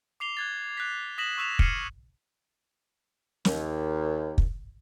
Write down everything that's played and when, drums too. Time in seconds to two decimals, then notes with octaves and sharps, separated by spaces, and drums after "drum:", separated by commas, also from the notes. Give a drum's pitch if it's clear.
0.20 D6 C7 F7 G7
0.37 F#6 G#6 A6
0.77 F#6 B6
1.18 D#6 A#6 B6 E7 F#7
1.38 C#6 E6 F#6 B6 E7 F7
1.59 F6 G#6 C7 C#7 D#7, drum: kick
3.45 D#2, drum: snare
4.38 drum: kick